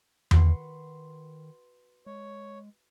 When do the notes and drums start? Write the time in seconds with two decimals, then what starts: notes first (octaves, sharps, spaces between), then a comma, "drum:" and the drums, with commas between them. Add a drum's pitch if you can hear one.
0.31 D#3 F#4 B4 C6, drum: tom E2
2.06 G#3 C#5